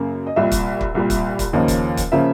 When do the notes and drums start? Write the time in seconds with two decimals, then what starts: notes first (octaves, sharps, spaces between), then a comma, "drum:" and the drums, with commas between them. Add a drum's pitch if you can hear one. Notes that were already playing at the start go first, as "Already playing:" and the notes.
Already playing: F#2 C#3 A#3
0.27 D#5
0.36 C2 A#2 G3 E5
0.52 drum: kick, hi-hat
0.81 drum: kick
0.95 C2 A#2 G3
1.10 drum: kick, hi-hat
1.39 drum: kick, hi-hat
1.53 D#2 C#3 F3 A#3 C#4 D#5
1.68 drum: kick, hi-hat
1.97 drum: kick, hi-hat
2.12 C#3 F3 A#3 C#4 E5